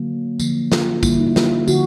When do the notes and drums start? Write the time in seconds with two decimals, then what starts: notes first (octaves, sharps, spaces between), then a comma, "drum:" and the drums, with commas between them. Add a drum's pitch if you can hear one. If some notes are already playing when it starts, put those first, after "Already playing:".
Already playing: D3 F#3 A#3
0.39 D3 F3 A#3, drum: tambourine
0.72 F4, drum: snare
1.03 D3 G3 A#3 E4, drum: kick, tambourine
1.19 D#4
1.27 E4
1.36 F4, drum: snare
1.68 D3 F3 F#4, drum: tambourine